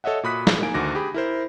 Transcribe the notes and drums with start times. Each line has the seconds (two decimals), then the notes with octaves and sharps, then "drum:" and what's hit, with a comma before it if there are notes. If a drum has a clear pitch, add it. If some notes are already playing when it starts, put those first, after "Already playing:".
0.04 A4 C#5 D#5 E5 F#5
0.23 A#2 F#4 B5 D#6 F#6 B6
0.47 drum: snare
0.62 A#3 D#4 G#5 D7
0.74 D2 D3 D#3 F#4 D6 A#6
0.95 G4 G#4 B5
1.14 E4 A#4 C5